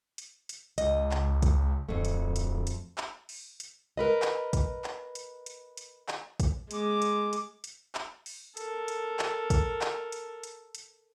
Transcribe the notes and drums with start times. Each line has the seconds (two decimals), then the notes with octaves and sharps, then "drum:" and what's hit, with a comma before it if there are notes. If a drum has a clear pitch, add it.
0.18 drum: hi-hat
0.49 drum: hi-hat
0.78 C#2 D#5, drum: hi-hat
1.11 drum: clap
1.42 drum: kick, hi-hat
1.89 D1 F2 A3
2.05 drum: hi-hat
2.36 drum: hi-hat
2.67 drum: hi-hat
2.98 drum: clap
3.29 drum: open hi-hat
3.60 drum: hi-hat
3.97 A#4 B4 D#5
4.22 drum: clap
4.53 drum: kick, hi-hat
4.84 drum: clap
5.15 drum: hi-hat
5.46 drum: hi-hat
5.77 drum: hi-hat
6.09 drum: clap
6.40 drum: kick, hi-hat
6.71 G#3 D6, drum: hi-hat
7.02 drum: hi-hat
7.33 drum: hi-hat
7.64 drum: hi-hat
7.95 drum: clap
8.26 drum: open hi-hat
8.57 A4 A#4, drum: hi-hat
8.88 drum: hi-hat
9.19 drum: clap
9.50 drum: kick, hi-hat
9.81 drum: clap
10.12 drum: hi-hat
10.43 drum: hi-hat
10.75 drum: hi-hat